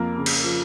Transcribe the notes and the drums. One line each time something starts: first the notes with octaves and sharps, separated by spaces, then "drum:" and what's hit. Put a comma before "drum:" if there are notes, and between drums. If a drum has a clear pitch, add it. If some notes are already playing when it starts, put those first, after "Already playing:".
Already playing: F2 A#3 A#4
C#3
drum: cymbal
F3